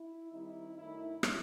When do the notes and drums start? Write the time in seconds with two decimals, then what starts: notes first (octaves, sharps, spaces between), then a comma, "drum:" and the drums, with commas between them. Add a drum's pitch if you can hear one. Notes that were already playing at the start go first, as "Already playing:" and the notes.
Already playing: E4
0.32 D#3 G3 C4 D#4 E4
0.77 F#2 D#3 A3 D#4 E4
1.23 drum: rim click